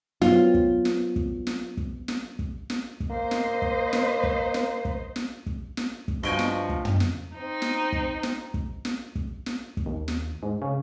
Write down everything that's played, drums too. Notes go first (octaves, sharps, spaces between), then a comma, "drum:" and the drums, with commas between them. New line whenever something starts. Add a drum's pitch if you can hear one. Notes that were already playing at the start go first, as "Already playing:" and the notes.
F#3 B3 C4 F4, drum: snare
drum: kick
drum: snare
drum: kick
drum: snare
drum: kick
drum: snare
drum: kick
drum: snare
drum: kick
A#3 C5 D#5
drum: snare
drum: kick
drum: snare
drum: kick
drum: snare
drum: kick
drum: snare
drum: kick
drum: snare
drum: kick
G2 F3 F#4 D#5 G5 G#5
drum: snare
drum: kick
drum: tom
drum: snare
C4 D#4
drum: snare
drum: kick
drum: snare
drum: kick
drum: snare
drum: kick
drum: snare
drum: kick
D#2
drum: snare
G#2
C#3